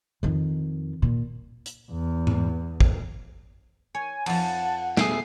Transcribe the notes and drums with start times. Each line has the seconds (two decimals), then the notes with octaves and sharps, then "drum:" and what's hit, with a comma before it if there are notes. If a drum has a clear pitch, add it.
0.23 F2 D#3
1.02 A#2
1.66 drum: hi-hat
1.91 E2
2.27 drum: tom G#2
2.81 drum: kick
3.95 C#5 G#5
4.26 F2 F3 F#5 A5, drum: cymbal
4.97 B2 A3 G#4 C7, drum: snare